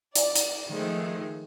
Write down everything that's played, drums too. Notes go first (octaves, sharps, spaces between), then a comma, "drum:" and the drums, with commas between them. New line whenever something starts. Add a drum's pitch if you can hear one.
D5, drum: hi-hat
drum: hi-hat
D#3 F3 G#3 A3